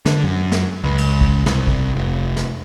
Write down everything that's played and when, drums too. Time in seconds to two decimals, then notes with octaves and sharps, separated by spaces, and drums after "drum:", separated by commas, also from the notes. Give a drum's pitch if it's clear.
0.06 D3, drum: snare
0.24 F#2
0.52 drum: snare
0.84 C#2
0.98 drum: cymbal
1.21 drum: kick
1.46 C2, drum: snare
1.67 drum: kick
1.96 F1
2.37 drum: snare